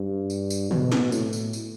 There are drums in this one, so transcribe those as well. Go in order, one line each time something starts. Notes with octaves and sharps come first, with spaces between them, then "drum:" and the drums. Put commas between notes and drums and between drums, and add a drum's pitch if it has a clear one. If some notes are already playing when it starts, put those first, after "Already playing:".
Already playing: G2
drum: tambourine
drum: tambourine
B2, drum: tom
drum: snare
A2, drum: tambourine
drum: tambourine
drum: tambourine